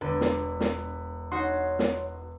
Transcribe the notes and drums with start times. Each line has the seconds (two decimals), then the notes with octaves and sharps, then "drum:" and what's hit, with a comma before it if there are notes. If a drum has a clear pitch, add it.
0.01 E1 D3 B4
0.21 drum: snare
0.60 drum: snare
1.32 D#4 F#4 C#5 C6
1.79 drum: snare